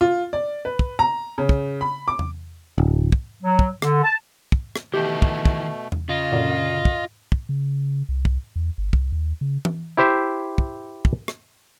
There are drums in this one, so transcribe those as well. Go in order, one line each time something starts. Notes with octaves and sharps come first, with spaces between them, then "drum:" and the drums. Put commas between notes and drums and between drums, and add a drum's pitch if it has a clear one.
F4
D5
B4
drum: kick
A#5
C#3
drum: kick
B5
D6
drum: tom E2
D1
drum: kick
F#3
drum: kick
D3, drum: rim click
A5
drum: kick
drum: rim click
B2 D#3 E3 A3 G4
drum: kick
drum: kick
drum: tom E2
C#3 F4 D#5
F#2 A#2 D3
drum: kick
drum: kick
C#3
C2
drum: kick
E2
G1
C2, drum: kick
D#2
C#3
drum: tom E3
E4 G4 C5 E5
drum: kick
drum: kick
drum: rim click